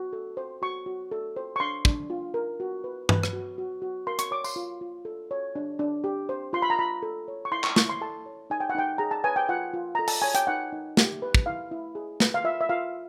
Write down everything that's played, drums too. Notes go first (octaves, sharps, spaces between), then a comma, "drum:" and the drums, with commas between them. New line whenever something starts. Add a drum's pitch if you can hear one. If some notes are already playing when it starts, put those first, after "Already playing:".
Already playing: F#4
A4
C5
F#4 C#6
F#4
A4
C5
C#6
D4 C6
D4, drum: kick
F4
A#4
F#4
B4
B4, drum: tom G2
drum: rim click
F#4
F#4
F#4
A#4 C6
C#6, drum: hi-hat
C#5 D6
C6, drum: tambourine
F4
F4
A4
C#5
D4
D4
G4
C5
F4 C6
B5
A#5
F4 B5
A4
C#5
C#6
E4 C6
C#6, drum: clap
E4 C#6, drum: snare
C6
A4 A5
C#5
D#4 G#5
G5
F#5
D#4 G5
G#4 A#5
A5
B4 G#5
G5
F4 F#5
F4
A4 A#5
A5, drum: open hi-hat
C#5 G#5
G5, drum: hi-hat
D#4 F#5
D#4
G4, drum: snare
B4
drum: kick
E4 F5
E4
G#4
B4, drum: snare
F5
F4 E5
E5
F4 F5